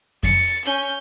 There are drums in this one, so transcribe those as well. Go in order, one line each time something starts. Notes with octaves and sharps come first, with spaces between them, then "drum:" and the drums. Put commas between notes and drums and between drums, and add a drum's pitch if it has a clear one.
A6 C#7, drum: kick F2
C#4 G6